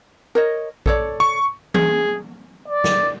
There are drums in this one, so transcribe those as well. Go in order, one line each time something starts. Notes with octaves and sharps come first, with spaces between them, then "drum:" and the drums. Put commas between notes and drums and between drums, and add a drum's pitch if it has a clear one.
A#4 C#5 D#5
A4 C#5 D5, drum: kick A#1
C#6
G#4, drum: tom E3
D5
drum: snare